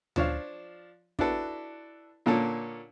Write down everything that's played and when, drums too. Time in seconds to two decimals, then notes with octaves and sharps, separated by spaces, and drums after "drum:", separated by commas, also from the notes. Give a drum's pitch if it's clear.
0.16 F3 D4 C#5 F5, drum: tom D2
1.19 D4 E4 F#4 A4 B4, drum: kick
2.26 A#2 D3 A#3 C#4 A4